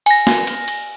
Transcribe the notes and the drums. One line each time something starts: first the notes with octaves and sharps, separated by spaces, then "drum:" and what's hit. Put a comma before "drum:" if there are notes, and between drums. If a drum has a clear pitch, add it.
G#5 A#6, drum: cymbal
drum: snare
drum: cymbal
drum: cymbal